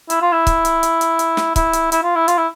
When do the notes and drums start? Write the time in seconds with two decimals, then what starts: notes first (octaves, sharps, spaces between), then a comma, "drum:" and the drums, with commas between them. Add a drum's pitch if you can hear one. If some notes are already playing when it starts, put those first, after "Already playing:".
0.10 E4, drum: hi-hat
0.22 F4
0.32 E4
0.47 drum: kick, hi-hat
0.65 drum: hi-hat
0.83 drum: hi-hat
1.01 drum: hi-hat
1.19 drum: hi-hat
1.37 drum: snare
1.56 E4, drum: kick, hi-hat
1.73 drum: hi-hat
1.92 E4, drum: hi-hat
2.03 F4
2.15 E4
2.28 F4, drum: hi-hat
2.38 E4